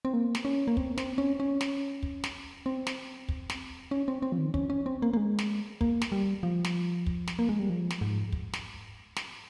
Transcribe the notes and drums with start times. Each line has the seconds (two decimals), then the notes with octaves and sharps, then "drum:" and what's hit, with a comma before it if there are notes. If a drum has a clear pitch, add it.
0.05 C4
0.14 A#3
0.35 drum: snare
0.45 C#4
0.68 A#3
0.77 C4, drum: kick
0.98 C4, drum: snare
1.18 C#4
1.40 C#4
1.61 drum: snare
2.03 drum: kick
2.24 drum: snare
2.66 C4
2.87 drum: snare
3.29 drum: kick
3.50 drum: snare
3.91 C#4
4.08 C4
4.22 C4
4.32 F3
4.38 D#3
4.54 C#4, drum: kick
4.70 C#4
4.86 C4
5.02 A#3
5.13 A#3
5.17 G#3
5.39 drum: snare
5.81 A#3, drum: kick
6.02 drum: snare
6.12 G3
6.43 F3
6.64 drum: snare
7.06 drum: kick
7.27 drum: snare
7.39 A#3
7.49 G#3
7.60 G3
7.69 F3
7.90 drum: snare
8.01 G#2
8.32 drum: kick
8.53 drum: snare
9.16 drum: snare